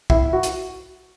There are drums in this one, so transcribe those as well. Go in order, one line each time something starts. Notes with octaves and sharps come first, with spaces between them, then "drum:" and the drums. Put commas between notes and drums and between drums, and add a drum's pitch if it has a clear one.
E4, drum: kick
F#4
drum: hi-hat